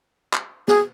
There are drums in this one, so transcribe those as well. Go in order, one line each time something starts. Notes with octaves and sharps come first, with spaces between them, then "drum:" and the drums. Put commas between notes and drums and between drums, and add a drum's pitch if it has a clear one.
drum: clap
G#4, drum: snare